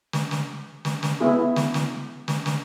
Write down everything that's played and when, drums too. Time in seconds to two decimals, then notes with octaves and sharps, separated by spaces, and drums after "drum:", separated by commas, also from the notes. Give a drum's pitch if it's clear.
0.13 drum: snare
0.31 drum: snare
0.85 drum: snare
1.03 drum: snare
1.20 B3 E4 G#4
1.56 drum: snare
1.74 drum: snare
2.28 drum: snare
2.46 drum: snare